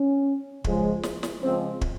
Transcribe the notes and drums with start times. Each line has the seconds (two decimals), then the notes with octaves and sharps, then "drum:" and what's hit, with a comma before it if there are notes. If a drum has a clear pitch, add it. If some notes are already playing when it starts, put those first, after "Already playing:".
Already playing: C#4
0.64 C#3 F3 G#3, drum: kick
1.03 drum: snare
1.23 drum: snare
1.42 C#3 F3 G#3 C4
1.81 drum: kick